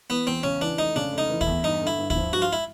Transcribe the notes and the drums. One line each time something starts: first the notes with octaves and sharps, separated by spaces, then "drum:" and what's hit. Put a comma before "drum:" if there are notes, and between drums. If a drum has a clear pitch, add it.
E3 B3
E2 C4
C#3 C#4
E3 D4
F1 D#4
C#3 D4
F1
D#4
E3
E4, drum: kick
E2
G2 D#4
D3
E4
G2
E4, drum: kick
F3
G2 F#4
F4
E4